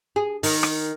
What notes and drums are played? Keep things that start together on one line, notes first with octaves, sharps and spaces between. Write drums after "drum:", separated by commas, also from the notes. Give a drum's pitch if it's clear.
G#4
D#3, drum: open hi-hat
drum: rim click